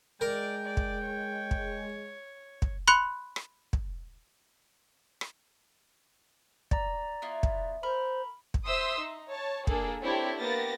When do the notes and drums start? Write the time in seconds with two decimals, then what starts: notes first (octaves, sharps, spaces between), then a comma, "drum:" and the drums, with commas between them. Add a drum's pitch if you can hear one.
0.21 G#3 A#4 D5 G5
0.65 D5
0.77 drum: kick
1.06 C#5
1.51 drum: kick
2.62 drum: kick
2.88 B5 C6 F#6 C#7 F7
3.36 drum: rim click
3.73 drum: kick
5.21 drum: rim click
6.71 D5 A#5, drum: kick
7.22 B3 E4 F4
7.43 drum: kick
7.83 A#4 C5 B5
8.54 drum: kick
8.65 C5 E5 C6 D#6 E6
8.98 D#4
9.32 C#5 A5
9.67 A#3 D4 G#4 A4, drum: kick
10.02 C4 D4 E4 G4 A4 C#5
10.39 A#3 B3 G4 A6 A#6